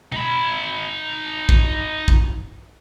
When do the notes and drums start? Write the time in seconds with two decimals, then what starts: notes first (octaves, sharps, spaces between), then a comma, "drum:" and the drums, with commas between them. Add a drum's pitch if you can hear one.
0.12 D#4 B5, drum: tom B2
1.49 drum: kick
2.08 drum: kick